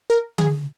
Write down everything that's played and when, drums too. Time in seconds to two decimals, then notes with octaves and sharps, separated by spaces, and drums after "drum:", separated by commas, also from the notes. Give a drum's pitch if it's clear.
0.10 A#4
0.38 G#4, drum: tom D3